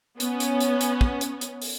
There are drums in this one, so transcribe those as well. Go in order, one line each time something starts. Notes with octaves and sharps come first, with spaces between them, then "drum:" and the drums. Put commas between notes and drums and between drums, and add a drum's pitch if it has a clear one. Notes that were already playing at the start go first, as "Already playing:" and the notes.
B3 C#4, drum: hi-hat
drum: hi-hat
drum: hi-hat
drum: hi-hat
drum: kick
drum: hi-hat
drum: hi-hat
drum: open hi-hat